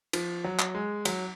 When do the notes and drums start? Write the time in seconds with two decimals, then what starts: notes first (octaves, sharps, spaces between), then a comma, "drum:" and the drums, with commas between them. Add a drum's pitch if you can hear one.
0.13 F3, drum: cymbal
0.44 F#3
0.59 drum: clap
0.75 G#3
1.05 F#3, drum: cymbal